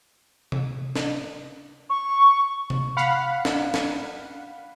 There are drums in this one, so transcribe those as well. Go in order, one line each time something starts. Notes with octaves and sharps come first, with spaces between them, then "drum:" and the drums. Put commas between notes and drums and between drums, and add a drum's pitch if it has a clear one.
drum: tom C3
drum: snare
C#6
drum: tom C3
F5 F#5 B5
drum: snare
drum: snare